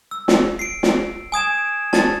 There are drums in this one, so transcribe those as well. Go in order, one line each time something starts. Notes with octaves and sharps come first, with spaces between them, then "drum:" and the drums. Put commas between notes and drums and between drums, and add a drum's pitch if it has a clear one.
E6
drum: snare
C7 D7
drum: snare
G#5 D#6 G#6 E7
A5 A6, drum: snare